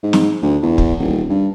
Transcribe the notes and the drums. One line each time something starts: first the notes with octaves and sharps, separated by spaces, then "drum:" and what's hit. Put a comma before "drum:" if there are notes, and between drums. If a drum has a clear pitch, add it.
G#2
drum: snare
D2
E2
drum: kick
D#1
G2